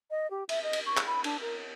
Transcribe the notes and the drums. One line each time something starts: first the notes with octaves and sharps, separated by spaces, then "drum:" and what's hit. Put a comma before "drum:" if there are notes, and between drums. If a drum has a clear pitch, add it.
D#5
G4
E5, drum: cymbal
D#5
drum: cymbal
C#6
drum: clap
B5
D4, drum: cymbal
A#4